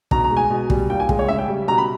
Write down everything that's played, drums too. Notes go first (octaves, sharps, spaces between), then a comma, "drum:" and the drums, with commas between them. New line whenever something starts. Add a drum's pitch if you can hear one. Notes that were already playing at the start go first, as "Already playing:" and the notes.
B2 A#5, drum: kick
A#5
G#3
G#5
B2
G3, drum: kick
A#2 G5
G#5
G#3, drum: kick
C#5
C#3 E5
G5
G3
B2 A#5
B5